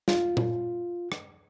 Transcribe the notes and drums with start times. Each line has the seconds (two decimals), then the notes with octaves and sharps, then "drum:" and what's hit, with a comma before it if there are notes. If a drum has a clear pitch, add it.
0.08 F4, drum: snare
0.37 drum: tom A#2
1.12 drum: rim click